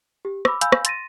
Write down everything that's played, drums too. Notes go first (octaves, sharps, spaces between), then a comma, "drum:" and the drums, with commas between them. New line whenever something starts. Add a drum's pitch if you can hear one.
G4
B5 D6 E6, drum: rim click
F5 G#5 B5 E6 G6, drum: hi-hat
drum: rim click
C6 A6 A#6 D#7, drum: hi-hat